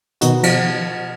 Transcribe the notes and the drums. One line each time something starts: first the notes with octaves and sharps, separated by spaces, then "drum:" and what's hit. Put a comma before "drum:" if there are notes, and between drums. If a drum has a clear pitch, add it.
B2 D#3 D#4 F#4, drum: hi-hat
F3, drum: cymbal